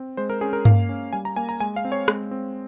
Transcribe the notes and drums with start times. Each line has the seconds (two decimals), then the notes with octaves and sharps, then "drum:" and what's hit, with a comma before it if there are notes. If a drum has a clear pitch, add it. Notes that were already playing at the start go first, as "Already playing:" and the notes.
Already playing: C4
0.17 G#3 C5
0.30 A#4
0.41 C#4 G#4
0.53 A#4
0.65 A#3 F5, drum: tom G2
0.89 C#4
1.13 G3 G#5
1.25 A#5
1.36 A#3 G#5
1.49 A#5
1.60 G#3 G#5
1.76 F5
1.85 C4
1.92 C#5
2.08 G#3, drum: rim click
2.31 C4